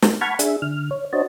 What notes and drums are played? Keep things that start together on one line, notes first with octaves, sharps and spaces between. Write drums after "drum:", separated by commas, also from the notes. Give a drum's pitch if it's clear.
drum: snare
F#5 A5 B5 C#6 F6 G#6
D4 G#4 E5, drum: hi-hat
D3 F6
C#5
D4 F#4 C5 C#5 D#5 A5